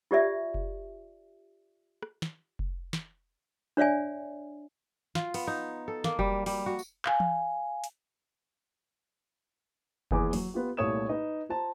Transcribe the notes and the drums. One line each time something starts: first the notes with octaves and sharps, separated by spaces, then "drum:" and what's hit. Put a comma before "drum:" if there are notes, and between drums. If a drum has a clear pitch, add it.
F4 G4 D5 E5
drum: kick F1
drum: rim click
drum: snare
drum: kick F1
drum: snare
D4 C#5 D5 E5 G#5
F4, drum: snare
B3, drum: open hi-hat
D#4
A4
A#3, drum: snare
G3, drum: kick F1
G3, drum: open hi-hat
F#4
drum: tambourine
F5 G#5, drum: clap
drum: tom E3
drum: hi-hat
D#1 E2 G#4 D6, drum: kick F1
F#3, drum: open hi-hat
B3 F4 G4
C2 A#2 A3 C#5 D#6 E7
D#4 B4 D#5
F4 C5 A5 A#5